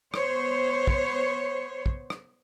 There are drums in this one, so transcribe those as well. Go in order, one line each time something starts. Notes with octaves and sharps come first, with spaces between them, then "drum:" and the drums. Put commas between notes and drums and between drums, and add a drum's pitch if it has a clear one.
B3 C5 C#5, drum: rim click
drum: kick
drum: kick
drum: rim click